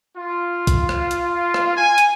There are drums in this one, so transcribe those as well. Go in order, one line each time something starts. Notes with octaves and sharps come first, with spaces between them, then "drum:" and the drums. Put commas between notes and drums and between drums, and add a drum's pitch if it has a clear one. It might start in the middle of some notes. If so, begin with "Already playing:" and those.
F4
drum: kick, hi-hat
drum: rim click
drum: hi-hat
drum: rim click
G#5
drum: hi-hat